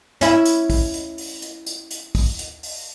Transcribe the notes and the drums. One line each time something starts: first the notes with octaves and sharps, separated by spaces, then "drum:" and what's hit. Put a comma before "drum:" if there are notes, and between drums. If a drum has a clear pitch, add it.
C#4 E4, drum: hi-hat
drum: hi-hat
drum: kick, open hi-hat
drum: hi-hat
drum: open hi-hat
drum: hi-hat
drum: hi-hat
drum: hi-hat
drum: kick, open hi-hat
drum: hi-hat
drum: open hi-hat